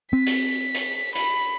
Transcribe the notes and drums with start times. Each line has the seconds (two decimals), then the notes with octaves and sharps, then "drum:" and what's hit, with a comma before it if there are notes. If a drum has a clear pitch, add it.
0.13 C4 B6
0.27 drum: hi-hat
0.75 drum: hi-hat
1.15 B5, drum: hi-hat